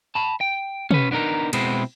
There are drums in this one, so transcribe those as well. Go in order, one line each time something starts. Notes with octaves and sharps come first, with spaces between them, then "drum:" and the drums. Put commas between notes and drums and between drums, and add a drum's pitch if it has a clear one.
A5 B5
G5
C#4 B4, drum: tom
B3 D4 D#4 A#4
B2 G#3 B3 C4 E4, drum: cymbal